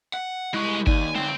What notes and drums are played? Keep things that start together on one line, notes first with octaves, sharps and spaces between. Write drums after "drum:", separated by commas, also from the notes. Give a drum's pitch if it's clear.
F#5 F#6
G3 G#3 E4 C#6 F#6
D#2 D#4 D5 G#5, drum: kick G1
D3 G#3 C4